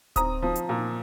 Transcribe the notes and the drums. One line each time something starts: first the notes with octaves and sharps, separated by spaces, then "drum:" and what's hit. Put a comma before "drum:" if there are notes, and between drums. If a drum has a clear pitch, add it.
C4 A#5 D#6, drum: kick D1, hi-hat
F3
drum: hi-hat
A#2